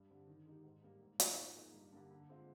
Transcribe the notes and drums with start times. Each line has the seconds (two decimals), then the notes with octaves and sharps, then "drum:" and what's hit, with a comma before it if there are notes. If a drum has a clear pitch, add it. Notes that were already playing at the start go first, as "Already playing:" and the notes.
Already playing: G2
0.09 D3 G3 C4
0.27 D#3
0.45 G#3 D#4 G4
0.64 G#2
0.83 G3 A#3
1.01 G#2
1.20 F3 G#3 D#4, drum: hi-hat
1.37 F3
1.56 A#3 D#4 G#4
1.74 G2
1.92 D3 G3 A#3 D4
2.11 D3
2.29 G#3 C4 F4